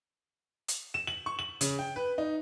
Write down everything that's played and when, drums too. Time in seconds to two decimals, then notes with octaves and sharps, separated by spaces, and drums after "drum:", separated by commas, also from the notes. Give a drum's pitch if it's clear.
0.68 drum: hi-hat
0.94 E7
1.07 F#7
1.26 C#6
1.39 F#7
1.61 C#3, drum: hi-hat
1.79 G5
1.96 B4
2.18 D#4